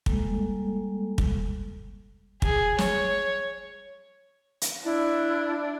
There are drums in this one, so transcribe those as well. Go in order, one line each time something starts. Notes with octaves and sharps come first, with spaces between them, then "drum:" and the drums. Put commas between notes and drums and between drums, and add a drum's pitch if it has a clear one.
G3 G#3 A#3 A4, drum: kick
drum: kick
G#4, drum: kick
C#5, drum: snare
drum: hi-hat
D4 E4